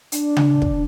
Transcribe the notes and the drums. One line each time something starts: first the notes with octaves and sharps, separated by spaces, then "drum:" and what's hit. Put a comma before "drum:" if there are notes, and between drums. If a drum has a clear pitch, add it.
D4, drum: hi-hat
drum: tom C#3
drum: kick